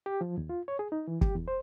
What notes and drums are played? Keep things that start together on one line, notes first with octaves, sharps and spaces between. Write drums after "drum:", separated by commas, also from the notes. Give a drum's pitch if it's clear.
G4
F3
D#2
F4
C#5
G#4
D#4
E3
G4, drum: kick
E2
C5